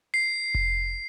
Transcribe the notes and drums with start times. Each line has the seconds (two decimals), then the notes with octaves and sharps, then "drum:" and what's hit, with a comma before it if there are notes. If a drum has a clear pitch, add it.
0.14 C7
0.55 drum: kick F1